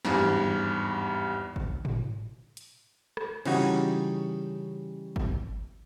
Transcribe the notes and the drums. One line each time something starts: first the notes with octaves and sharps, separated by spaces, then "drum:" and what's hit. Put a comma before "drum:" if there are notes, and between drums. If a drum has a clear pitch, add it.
G#1 E2 G2, drum: snare
drum: tom
drum: kick G#1
drum: tom
drum: hi-hat
drum: rim click
C#3 E3 G3 C#4 D#4 F#4, drum: cymbal
drum: kick G#1